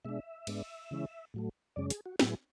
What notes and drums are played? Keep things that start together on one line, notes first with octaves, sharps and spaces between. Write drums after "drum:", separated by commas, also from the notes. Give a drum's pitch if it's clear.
B2 G#3 D4 E5
G#2 G#3 B3 D4, drum: cymbal
C#3 E3 G#3 C#4 E4
A2 F#3 A3
F#2 C#3 G#3 C#4 D5
G#4, drum: hi-hat
F#4
A2 F#3 B3 E4 G#4, drum: snare